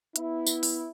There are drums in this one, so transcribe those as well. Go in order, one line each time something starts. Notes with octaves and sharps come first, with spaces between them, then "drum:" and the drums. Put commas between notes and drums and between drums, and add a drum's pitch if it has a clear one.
B3 E4, drum: hi-hat
drum: tambourine
drum: open hi-hat